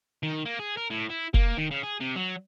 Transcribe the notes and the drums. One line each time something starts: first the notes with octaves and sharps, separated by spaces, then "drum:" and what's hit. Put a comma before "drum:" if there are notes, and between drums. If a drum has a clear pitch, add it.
D#3
A#3
G#4
A#4
A2
E4
A#3, drum: kick F1
D#3
C#3
G#4
C3
F#3